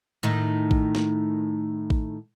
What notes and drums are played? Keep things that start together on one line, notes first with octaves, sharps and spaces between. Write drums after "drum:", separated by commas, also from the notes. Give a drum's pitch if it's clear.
A2 D#3 D#4
drum: kick A1
drum: snare
drum: kick A1